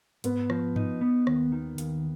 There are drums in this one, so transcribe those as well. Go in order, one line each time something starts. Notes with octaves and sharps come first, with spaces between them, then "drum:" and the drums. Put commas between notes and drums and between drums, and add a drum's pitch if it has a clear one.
G#2 B3, drum: hi-hat
F3, drum: rim click
D#4, drum: tom G2
B3
D#2, drum: rim click
D#3
D#2, drum: hi-hat